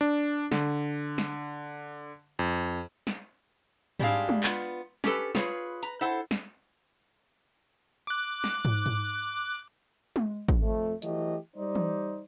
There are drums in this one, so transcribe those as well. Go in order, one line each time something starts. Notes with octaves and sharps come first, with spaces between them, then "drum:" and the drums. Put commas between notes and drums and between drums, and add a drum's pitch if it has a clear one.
D4
D3, drum: snare
drum: snare
F2
drum: snare
G3 G#3 C4 D4 G#4 F5, drum: tom G#2
drum: tom G#3
B3 F4, drum: clap
C#4 G4 A4 B4, drum: snare
F4 G#4 B4 C#5, drum: snare
B4 A#5, drum: hi-hat
E4 A4 C5 F#5
drum: snare
D6 F#6
drum: snare
drum: tom
drum: tom G#2
drum: tom G#3
drum: kick
F2 A3
E3 F#3 A3 G4 D#5, drum: hi-hat
G3 D#4 C5 D5
drum: tom E3